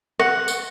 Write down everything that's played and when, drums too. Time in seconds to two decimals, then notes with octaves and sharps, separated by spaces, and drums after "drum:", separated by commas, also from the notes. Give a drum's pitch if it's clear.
0.20 F#5, drum: rim click
0.48 drum: tambourine